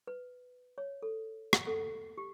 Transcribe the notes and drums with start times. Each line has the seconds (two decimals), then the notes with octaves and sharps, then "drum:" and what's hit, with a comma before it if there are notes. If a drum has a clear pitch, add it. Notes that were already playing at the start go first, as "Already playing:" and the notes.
0.07 B4
0.78 C#5
1.02 A4
1.53 drum: rim click
1.67 A4
2.17 G4